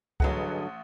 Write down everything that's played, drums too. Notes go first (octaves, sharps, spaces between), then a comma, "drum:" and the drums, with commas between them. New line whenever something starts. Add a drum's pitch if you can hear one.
A1 G2 D3 F#3 G#4 B4 D#5 F#5, drum: kick C#2